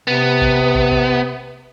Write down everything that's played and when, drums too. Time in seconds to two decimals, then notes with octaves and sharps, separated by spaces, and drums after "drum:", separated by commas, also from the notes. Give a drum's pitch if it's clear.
0.08 C3 B3
0.41 drum: kick
0.75 drum: kick
0.91 drum: kick